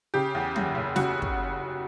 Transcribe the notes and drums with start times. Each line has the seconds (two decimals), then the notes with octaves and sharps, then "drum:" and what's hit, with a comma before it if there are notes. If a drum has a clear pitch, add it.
0.14 C#3 G4
0.35 E2
0.56 F#1, drum: tom
0.75 F#1
0.96 C#3 F#4, drum: snare
1.22 drum: kick